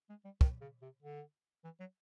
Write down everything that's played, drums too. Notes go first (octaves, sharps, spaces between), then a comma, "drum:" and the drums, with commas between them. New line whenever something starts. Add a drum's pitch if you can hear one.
G#3
G3
D#3, drum: kick
C#3
C3
D3
E3
F#3